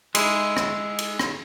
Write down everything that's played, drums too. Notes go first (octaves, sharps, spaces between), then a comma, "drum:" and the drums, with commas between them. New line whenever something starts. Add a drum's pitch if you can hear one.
G#3 E4, drum: cymbal
drum: rim click
drum: cymbal
drum: rim click